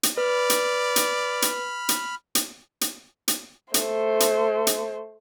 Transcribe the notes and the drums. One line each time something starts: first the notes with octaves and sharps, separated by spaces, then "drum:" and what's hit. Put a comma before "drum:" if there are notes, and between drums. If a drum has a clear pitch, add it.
drum: hi-hat
B4 D5 B5 F6
drum: hi-hat
drum: hi-hat
drum: hi-hat
drum: hi-hat
drum: hi-hat
drum: hi-hat
drum: hi-hat
A3 C5, drum: hi-hat
drum: hi-hat
drum: hi-hat